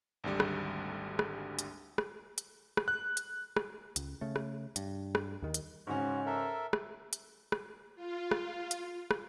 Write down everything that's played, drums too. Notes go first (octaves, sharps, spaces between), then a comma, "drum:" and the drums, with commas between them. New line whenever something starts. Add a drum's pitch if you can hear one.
G#1 D2 D3 G3
drum: rim click
drum: rim click
drum: hi-hat
drum: rim click
drum: hi-hat
drum: rim click
F#6
drum: hi-hat
drum: rim click
C#2, drum: hi-hat
C#3 A3
drum: rim click
G2, drum: hi-hat
drum: rim click
D#2 D#3
drum: hi-hat
G#2 C#3 C#4 F#4
A4 A#4 E5
drum: rim click
drum: hi-hat
drum: rim click
F4
drum: rim click
drum: hi-hat
drum: rim click